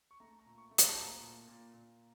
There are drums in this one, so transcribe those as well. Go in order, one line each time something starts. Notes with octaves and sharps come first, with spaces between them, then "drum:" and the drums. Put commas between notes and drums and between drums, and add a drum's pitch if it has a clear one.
C#6
A3 A#5
A#5
A#2
C#6
A3
A#5, drum: hi-hat
A5
A#2 A#5
A#2
A#2
A#2